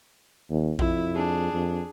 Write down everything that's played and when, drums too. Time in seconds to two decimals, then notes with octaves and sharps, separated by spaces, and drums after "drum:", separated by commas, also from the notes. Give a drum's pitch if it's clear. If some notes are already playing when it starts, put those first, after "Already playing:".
0.50 D#2
0.79 F2 E4, drum: kick A#1
1.15 D4 G#4
1.53 F2